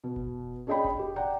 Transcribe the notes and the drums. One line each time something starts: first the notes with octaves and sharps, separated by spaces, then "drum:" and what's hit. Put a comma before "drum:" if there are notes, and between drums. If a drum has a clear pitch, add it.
B2
drum: kick F1
C#4 D4 G#4 D#5 G5 B5
drum: kick F1
G4 G5
D5 F#5 G5 A#5